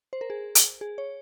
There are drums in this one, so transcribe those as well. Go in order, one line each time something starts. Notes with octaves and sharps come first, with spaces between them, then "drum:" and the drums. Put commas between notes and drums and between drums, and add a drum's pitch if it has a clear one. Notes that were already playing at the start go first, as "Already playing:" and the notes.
C5
A#4
G#4
drum: hi-hat
G#4
C#5